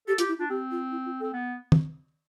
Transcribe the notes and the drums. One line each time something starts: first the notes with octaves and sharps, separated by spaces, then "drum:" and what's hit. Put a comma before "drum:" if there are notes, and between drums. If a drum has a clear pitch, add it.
G4 A4
F4 G4, drum: hi-hat
E4
D4 F4
C4 G4
F4
E4
F4
A4
C4
B3
drum: tom D#3